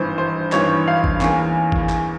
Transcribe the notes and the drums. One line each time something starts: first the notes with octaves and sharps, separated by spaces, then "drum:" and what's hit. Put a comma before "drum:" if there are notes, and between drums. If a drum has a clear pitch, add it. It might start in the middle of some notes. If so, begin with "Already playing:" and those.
Already playing: G#1 G2 E3 C5
C5
G#1 G2 E3 C#5, drum: clap
F5
drum: kick
E2 E3 A#3 C#4, drum: clap
drum: kick
drum: clap